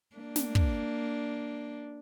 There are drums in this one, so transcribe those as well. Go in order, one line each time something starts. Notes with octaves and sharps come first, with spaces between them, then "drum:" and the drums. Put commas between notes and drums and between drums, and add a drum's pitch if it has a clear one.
A#3 D4
drum: snare
drum: kick